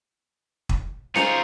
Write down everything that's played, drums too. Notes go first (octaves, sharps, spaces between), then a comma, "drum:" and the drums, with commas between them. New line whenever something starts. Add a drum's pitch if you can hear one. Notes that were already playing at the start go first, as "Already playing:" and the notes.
drum: kick
D#4 F4 G#4 C5 C#7 F7, drum: snare C#4